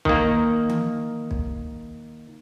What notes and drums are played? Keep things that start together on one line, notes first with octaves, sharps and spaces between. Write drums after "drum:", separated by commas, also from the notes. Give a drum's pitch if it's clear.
D#3 A#3, drum: kick B1
drum: tom D#3
drum: kick B1